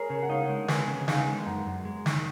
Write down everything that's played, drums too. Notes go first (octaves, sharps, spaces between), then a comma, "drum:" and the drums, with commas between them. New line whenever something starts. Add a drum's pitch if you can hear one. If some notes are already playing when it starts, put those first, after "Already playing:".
Already playing: G#4 A#4 C#5
C#3
F#5
D#4 C#5 F5
G#3
G#4 B4, drum: snare
C#3
D#4 F5 G#5, drum: snare
G#3
F#2 F#5 A#5
F#2
G#3
D#3, drum: snare